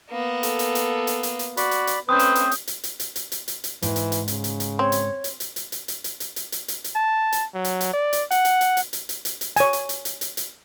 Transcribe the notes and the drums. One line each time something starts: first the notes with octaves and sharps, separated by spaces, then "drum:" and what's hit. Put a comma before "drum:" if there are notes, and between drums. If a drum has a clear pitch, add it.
A#3 B3
A4, drum: hi-hat
drum: hi-hat
drum: hi-hat
drum: hi-hat
drum: hi-hat
drum: hi-hat
F#4 D5 B5, drum: hi-hat
drum: hi-hat
drum: hi-hat
A3 C4 C#4 B4 C5 D#6 G6
drum: hi-hat
drum: hi-hat
drum: hi-hat
drum: hi-hat
drum: hi-hat
drum: hi-hat
drum: hi-hat
drum: hi-hat
drum: hi-hat
drum: hi-hat
G#2 E3, drum: hi-hat
drum: hi-hat
drum: hi-hat
C#3, drum: hi-hat
drum: hi-hat
drum: hi-hat
C4 C#5
drum: hi-hat
drum: hi-hat
drum: hi-hat
drum: hi-hat
drum: hi-hat
drum: hi-hat
drum: hi-hat
drum: hi-hat
drum: hi-hat
drum: hi-hat
drum: hi-hat
drum: hi-hat
A5
drum: hi-hat
F#3
drum: hi-hat
drum: hi-hat
D5
drum: hi-hat
F#5, drum: hi-hat
drum: hi-hat
drum: hi-hat
drum: hi-hat
drum: hi-hat
drum: hi-hat
drum: hi-hat
drum: hi-hat
C#5 G#5, drum: hi-hat
drum: hi-hat
drum: hi-hat
drum: hi-hat
drum: hi-hat
drum: hi-hat